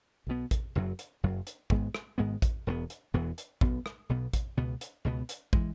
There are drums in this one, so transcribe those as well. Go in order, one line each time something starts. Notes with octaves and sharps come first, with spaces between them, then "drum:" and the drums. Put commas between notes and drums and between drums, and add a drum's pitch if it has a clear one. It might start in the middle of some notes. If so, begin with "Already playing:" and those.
B1 B2 B3
drum: kick, hi-hat
F#1 F#2 F#3
drum: hi-hat
F#1 F#2 F#3
drum: hi-hat
G#1 G#2 G#3 B3, drum: kick
drum: rim click
G#1 G#2 G#3 B3
drum: kick, hi-hat
E1 E2 E3 B3
drum: hi-hat
E1 E2 E3 B3
drum: hi-hat
B1 B2 B3, drum: kick
drum: rim click
B1 B2 B3
drum: kick, hi-hat
C#2 B2 B3
drum: hi-hat
C#2 B2 B3
drum: hi-hat
E3 G#3, drum: kick